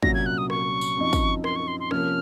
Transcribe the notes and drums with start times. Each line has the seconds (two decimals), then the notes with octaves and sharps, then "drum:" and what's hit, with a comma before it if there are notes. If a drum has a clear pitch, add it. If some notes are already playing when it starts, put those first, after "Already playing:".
0.02 C2 A#2 F#3 C#4 A#6, drum: kick
0.14 G#6
0.26 F#6
0.38 D#6
0.50 C#6, drum: rim click
0.81 drum: tambourine
0.97 F#2 F3 C4 D#4
1.13 drum: kick, tambourine
1.44 C6, drum: rim click
1.56 C#6
1.68 C6
1.80 C6
1.91 C3 F3 A#3 C#4 F6, drum: rim click